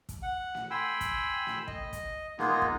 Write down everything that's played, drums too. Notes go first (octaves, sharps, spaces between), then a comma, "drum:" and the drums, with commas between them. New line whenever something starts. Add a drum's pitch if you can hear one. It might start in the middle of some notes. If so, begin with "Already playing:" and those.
drum: kick, hi-hat
F#5
drum: snare
G5 G#5 B5 C6 E6
drum: kick, hi-hat
drum: snare
D#5, drum: kick
drum: kick, hi-hat
G#3 A#3 B3 D#4 F4 G#4, drum: snare
drum: kick